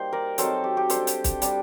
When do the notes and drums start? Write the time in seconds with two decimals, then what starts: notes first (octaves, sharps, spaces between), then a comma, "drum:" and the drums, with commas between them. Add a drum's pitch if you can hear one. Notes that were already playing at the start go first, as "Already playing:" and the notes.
Already playing: G3 A#3 D#4 C5
0.13 A#4 D5
0.38 F#3 C4 D#4 A4 C5, drum: hi-hat
0.64 G4
0.77 G4
0.90 G3 D4 A4 C5, drum: hi-hat
1.07 drum: hi-hat
1.24 drum: kick, hi-hat
1.42 G3 D4, drum: hi-hat